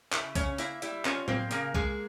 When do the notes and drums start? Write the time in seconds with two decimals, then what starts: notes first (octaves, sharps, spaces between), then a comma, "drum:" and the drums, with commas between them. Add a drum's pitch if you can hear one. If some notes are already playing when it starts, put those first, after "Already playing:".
0.12 C#3 E4 E5, drum: clap
0.35 C#3 C#4 C#5, drum: kick, hi-hat
0.58 A#3 E4 E5, drum: hi-hat
0.82 G3 E4 E5, drum: hi-hat
1.05 C#4 F4 C#5, drum: clap
1.28 A#3 C4 C5, drum: tom A2
1.51 C#3 A#3 A#4, drum: hi-hat
1.74 G#3 A#3 G#4, drum: kick